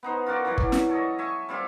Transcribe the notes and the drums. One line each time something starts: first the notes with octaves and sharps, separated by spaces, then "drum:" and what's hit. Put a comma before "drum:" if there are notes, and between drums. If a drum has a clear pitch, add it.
B3 D#4 C5
F4 F#4 A#4 D5
E3 F#3 G3 D5
drum: kick G1
drum: snare
A4 C#5 D#5
E5 G#5 C#6
G3 C4 F4 G4